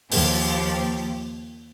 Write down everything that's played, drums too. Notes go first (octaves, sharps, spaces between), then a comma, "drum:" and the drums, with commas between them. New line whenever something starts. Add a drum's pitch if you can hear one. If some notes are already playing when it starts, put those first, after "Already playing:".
D#2 F3 G4, drum: open hi-hat